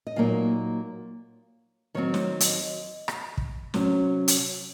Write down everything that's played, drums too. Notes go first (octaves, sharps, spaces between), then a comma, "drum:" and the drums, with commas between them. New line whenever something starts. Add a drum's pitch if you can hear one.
D#5
A#2 F#3 A#3 D#4 F5
D#3 F#3 C4 C#5
drum: snare
D#5, drum: hi-hat
drum: rim click
drum: kick
C3 F#3 C#4, drum: snare
drum: hi-hat